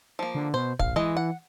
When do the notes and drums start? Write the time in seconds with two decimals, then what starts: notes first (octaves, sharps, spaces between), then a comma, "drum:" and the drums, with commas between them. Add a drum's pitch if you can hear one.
0.19 F3 A#3
0.35 D3
0.54 B2 C5
0.79 A#1 F5, drum: kick
0.96 E3 G#3 D#5
1.17 F#5